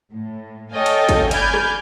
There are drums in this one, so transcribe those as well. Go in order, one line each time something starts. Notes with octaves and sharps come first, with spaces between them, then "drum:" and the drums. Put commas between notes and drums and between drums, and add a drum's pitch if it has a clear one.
A2
A4 C#5 D#5 F5 G5 G#5
drum: cymbal
drum: kick, cymbal
D5 G#5 B5 F6 G6 G#6, drum: cymbal
drum: rim click